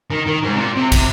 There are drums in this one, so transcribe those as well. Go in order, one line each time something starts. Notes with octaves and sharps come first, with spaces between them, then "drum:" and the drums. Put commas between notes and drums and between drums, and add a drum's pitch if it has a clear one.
D#3
D#3
G#2
C3
A#2
C3
C3, drum: kick, cymbal